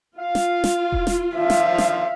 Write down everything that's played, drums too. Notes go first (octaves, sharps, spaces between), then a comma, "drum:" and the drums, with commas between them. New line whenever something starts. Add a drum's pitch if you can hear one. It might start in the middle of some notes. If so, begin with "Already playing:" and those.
F4 F5
drum: snare
drum: snare
drum: kick E1
drum: snare
D3 D#3 F3 E5 F5
drum: snare
drum: snare